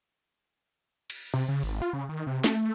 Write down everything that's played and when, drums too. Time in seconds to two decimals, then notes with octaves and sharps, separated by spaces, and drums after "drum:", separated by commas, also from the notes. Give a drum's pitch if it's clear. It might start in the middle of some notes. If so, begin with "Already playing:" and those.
1.10 drum: cymbal
1.34 C3
1.48 C#3
1.63 G#1, drum: open hi-hat
1.82 F4
1.93 C#3
2.09 D#3
2.27 C3
2.44 A3, drum: snare